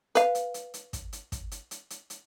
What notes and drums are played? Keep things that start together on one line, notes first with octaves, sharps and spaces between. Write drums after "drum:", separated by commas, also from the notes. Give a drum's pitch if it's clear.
B4 F5, drum: hi-hat
drum: hi-hat
drum: hi-hat
drum: hi-hat
drum: kick, hi-hat
drum: hi-hat
drum: kick, hi-hat
drum: hi-hat
drum: hi-hat
drum: hi-hat
drum: hi-hat